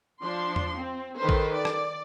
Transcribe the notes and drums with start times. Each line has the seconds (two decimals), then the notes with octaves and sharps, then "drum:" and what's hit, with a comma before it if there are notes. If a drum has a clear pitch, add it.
0.20 F3 D4 C6
0.56 drum: tom E2
0.77 C4
1.17 D#3 A4 B4 C5
1.29 drum: kick
1.55 D5
1.65 drum: rim click